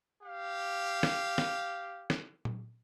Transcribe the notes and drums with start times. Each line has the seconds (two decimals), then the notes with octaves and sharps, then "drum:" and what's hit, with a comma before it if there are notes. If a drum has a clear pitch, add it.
0.23 G4 F5
1.03 drum: snare
1.38 drum: snare
2.10 drum: snare
2.45 drum: tom A#2